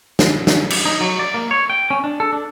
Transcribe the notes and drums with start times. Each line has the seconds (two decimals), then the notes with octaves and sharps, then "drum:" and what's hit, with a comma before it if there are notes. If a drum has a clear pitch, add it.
0.19 drum: snare
0.47 drum: snare
0.70 drum: cymbal
0.85 D#4
1.01 F#3
1.19 D5
1.34 A#3
1.51 C#5
1.70 G5
1.90 C#4
2.04 D4
2.20 A4
2.33 D4